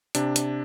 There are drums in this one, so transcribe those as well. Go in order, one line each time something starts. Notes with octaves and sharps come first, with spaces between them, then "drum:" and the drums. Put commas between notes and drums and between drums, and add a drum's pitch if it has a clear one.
C3 D4, drum: hi-hat
drum: hi-hat